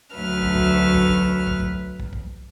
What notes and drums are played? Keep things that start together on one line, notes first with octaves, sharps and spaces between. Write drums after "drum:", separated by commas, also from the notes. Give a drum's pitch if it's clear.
D2 F#3 B4 E5 F6
drum: kick
drum: kick
drum: kick
drum: kick
drum: kick
drum: kick
drum: kick
drum: kick